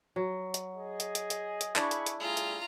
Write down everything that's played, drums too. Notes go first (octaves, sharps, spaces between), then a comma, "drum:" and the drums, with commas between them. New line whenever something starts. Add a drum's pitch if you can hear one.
F#3
drum: hi-hat
G#4 D#5
drum: hi-hat
drum: hi-hat
drum: hi-hat
drum: hi-hat
D4 E4 G#4 B5 C#6, drum: clap
drum: hi-hat
drum: hi-hat
G3 A3 F4 G#4 A#5
drum: hi-hat